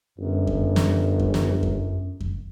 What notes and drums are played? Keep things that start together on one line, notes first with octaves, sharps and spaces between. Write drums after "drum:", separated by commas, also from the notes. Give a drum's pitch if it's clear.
G1 F#2
drum: kick F2
drum: snare
drum: kick F2
drum: snare
drum: kick F2
drum: kick F2